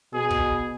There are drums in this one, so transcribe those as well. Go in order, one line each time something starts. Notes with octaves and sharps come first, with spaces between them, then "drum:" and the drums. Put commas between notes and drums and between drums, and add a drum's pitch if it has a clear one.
B2 G#4
drum: kick